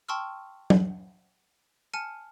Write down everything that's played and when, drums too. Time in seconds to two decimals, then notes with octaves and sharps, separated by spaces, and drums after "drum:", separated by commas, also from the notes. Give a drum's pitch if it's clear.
0.08 G5 A5 C6 C#6 E6 F6
0.70 drum: tom F#3
1.94 G#5 A5 F6 C#7 D#7